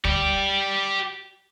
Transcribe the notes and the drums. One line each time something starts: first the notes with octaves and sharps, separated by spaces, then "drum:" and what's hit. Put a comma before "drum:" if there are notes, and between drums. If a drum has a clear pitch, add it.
G4 D5, drum: kick